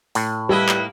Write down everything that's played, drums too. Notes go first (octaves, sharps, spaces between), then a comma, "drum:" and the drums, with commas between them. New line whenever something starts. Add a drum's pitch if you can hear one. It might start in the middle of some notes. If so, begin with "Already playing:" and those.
A2, drum: open hi-hat
G3 A#3 E4 B4 D#5
drum: clap